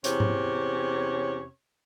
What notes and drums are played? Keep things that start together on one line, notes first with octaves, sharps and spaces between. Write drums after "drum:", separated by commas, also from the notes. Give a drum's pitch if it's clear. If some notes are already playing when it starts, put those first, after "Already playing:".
E2 C3 C#4 C#5, drum: hi-hat
drum: tom G#2